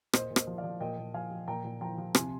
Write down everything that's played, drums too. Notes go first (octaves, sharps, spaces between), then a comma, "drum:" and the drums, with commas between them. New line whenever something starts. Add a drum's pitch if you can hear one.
A#2 C5 D#5, drum: rim click
A#2
C5 D#5, drum: rim click
F3
D5 F5
F3
A#2 D#5 G5
A#2
F3 F5 G#5
F3
A#2 G5 A#5
A#2
F3 G5 A#5
F3
C3 G#5 C6, drum: rim click